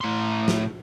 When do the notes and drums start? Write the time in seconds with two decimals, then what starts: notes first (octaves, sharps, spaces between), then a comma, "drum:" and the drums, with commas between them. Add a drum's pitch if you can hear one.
0.01 A2 C6
0.48 drum: snare